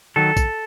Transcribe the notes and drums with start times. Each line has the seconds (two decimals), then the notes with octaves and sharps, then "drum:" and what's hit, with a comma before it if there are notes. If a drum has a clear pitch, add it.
0.16 D#3 F#3 A4
0.37 drum: kick B1, tambourine